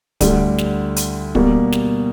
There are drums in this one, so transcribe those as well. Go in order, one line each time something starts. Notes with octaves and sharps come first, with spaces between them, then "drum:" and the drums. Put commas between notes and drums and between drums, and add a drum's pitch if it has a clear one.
D2 D3 G3, drum: kick, hi-hat
drum: snare
drum: hi-hat
B2 G3 A#3, drum: kick
drum: snare